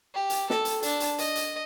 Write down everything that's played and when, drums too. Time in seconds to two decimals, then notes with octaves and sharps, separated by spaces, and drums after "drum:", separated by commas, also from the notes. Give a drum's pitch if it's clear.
0.14 G4
0.30 drum: hi-hat
0.50 A4, drum: snare
0.65 drum: hi-hat
0.83 D4, drum: hi-hat
1.00 drum: hi-hat
1.18 D#5, drum: hi-hat
1.35 drum: hi-hat